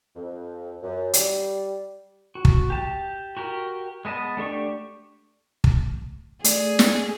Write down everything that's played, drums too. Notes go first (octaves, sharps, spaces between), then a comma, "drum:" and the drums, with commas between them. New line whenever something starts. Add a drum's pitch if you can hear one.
F2
F#2
G3, drum: hi-hat
F#4
drum: kick
G4 A5
F#4 G4 A#4
G#3 B3 D#5 A5
A3 D4 G4 C#6
drum: kick
A3 G#4 D5, drum: hi-hat
drum: snare